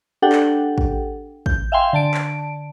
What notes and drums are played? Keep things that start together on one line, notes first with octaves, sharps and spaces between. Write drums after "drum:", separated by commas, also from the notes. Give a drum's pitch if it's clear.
D4 G4 A4 F#5 G5
drum: clap
drum: kick
G6, drum: kick
E5 F5 G5 G#5 C6
D3 A5 D7
drum: clap